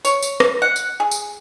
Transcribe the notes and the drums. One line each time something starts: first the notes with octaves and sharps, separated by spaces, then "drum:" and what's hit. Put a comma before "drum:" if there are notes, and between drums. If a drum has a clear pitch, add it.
C#5, drum: tambourine
drum: tambourine
drum: rim click
F#5
drum: tambourine
G#4
drum: tambourine